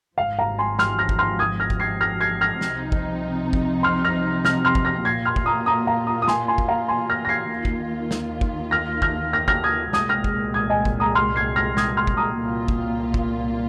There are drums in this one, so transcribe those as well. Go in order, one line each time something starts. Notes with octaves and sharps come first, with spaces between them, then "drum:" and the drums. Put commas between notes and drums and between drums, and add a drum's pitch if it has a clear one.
G#1 G#2 F3 F5
F5 A#5
G#5 C6
C6 F6, drum: snare
F6 A#6
drum: kick
C6 F6
D#6 G#6
F6 A#6
drum: kick
G#6 C7
F6 A#6
G#6 C7
F6 A#6
C2 C3 F3 C4 D#4, drum: snare
drum: kick
drum: kick
C6 F6
F6 A#6
F6 A#6, drum: snare
C6 F6
drum: kick
F6 A#6
A#2 A#3 F4 G#6 C7
C6 F6
drum: kick
A#5 D#6
A#5 D#6
F5 A#5
A#5 D#6
D#6
G#5 C6, drum: snare
G#5 C6
drum: kick
F5 A#5
G#5 C6
F6 A#6
A#6
G#6 C7
D#2 D#3 A#3 F4
drum: kick
drum: snare
drum: kick
F6 A#6
F6 A#6, drum: kick
F6 A#6
F6 A#6, drum: kick
D#6 G#6
C2 A#2 G#3 D#6 G#6, drum: snare
F6 A#6
drum: kick
D#6 G#6
D#5 G#5
drum: kick
A#5 D#6
C6 F6
G#6 C7
F6 A#6
D#6 G#6, drum: snare
C6 F6
drum: kick
A#5 D#6
C2 A#2 A#3 F4
drum: kick
drum: kick